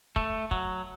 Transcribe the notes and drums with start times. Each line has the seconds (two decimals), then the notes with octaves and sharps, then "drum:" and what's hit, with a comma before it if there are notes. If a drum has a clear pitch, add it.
0.16 A3, drum: kick
0.51 F#3, drum: kick